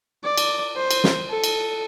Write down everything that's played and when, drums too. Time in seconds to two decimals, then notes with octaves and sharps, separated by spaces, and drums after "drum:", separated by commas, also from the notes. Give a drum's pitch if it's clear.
0.24 D5
0.37 drum: cymbal
0.77 C5
0.91 drum: cymbal
1.04 drum: snare
1.30 A4
1.44 drum: cymbal